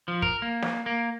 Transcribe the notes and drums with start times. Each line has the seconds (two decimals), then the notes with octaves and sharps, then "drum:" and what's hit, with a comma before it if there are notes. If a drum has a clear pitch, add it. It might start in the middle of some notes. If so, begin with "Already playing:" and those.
0.08 F3
0.22 A#4, drum: kick
0.42 A#3
0.62 drum: snare
0.86 A#3